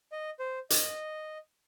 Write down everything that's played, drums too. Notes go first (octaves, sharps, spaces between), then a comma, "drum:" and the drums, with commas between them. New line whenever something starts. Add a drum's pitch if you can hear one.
D#5
C5
D#5, drum: hi-hat